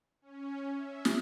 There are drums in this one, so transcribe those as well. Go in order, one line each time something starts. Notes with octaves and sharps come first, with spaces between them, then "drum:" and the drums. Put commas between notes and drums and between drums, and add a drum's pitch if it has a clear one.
C#4
E5
drum: snare